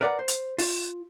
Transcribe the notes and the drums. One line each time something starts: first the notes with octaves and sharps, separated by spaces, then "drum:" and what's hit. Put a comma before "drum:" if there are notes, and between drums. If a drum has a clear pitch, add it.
A#4 B4 D5 E5 F#5 A#5
C5
drum: hi-hat
F4, drum: open hi-hat